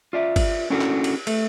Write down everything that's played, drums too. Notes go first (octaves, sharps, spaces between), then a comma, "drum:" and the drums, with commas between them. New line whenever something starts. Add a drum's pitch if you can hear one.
F4 D5 E5
drum: kick, cymbal
C#4 D4 E4 F#4 A4 A#4
drum: clap
drum: cymbal
A3, drum: cymbal